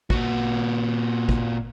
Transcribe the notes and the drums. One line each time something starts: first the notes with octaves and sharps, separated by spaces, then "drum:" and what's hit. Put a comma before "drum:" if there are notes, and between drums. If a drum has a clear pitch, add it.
A#2 F#4, drum: kick
drum: kick